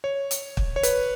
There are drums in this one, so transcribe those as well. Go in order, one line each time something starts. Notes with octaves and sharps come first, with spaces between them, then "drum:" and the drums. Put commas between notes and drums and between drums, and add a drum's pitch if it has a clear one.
C#5
drum: hi-hat
drum: kick
C#5
B4, drum: hi-hat